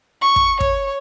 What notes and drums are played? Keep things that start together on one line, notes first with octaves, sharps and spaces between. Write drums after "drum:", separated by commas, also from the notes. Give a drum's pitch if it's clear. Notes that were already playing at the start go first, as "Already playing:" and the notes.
C#6
drum: kick
C#5, drum: kick